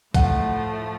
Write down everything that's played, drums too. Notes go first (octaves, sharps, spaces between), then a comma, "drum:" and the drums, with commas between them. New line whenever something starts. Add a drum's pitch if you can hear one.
A2 F3 A3 F#5, drum: kick, hi-hat